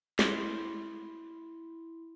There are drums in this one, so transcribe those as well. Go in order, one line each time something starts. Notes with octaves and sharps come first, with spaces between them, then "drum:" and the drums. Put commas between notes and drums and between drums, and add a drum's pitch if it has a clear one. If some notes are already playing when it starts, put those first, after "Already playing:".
E4 C6, drum: snare